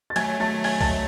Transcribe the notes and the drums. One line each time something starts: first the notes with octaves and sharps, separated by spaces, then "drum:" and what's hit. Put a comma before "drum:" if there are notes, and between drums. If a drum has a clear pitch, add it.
A6
F#3 A3 G#5 G#6, drum: hi-hat
F#3 A3 A5 A6
G#5 G#6, drum: open hi-hat
A5 A6, drum: kick B1, open hi-hat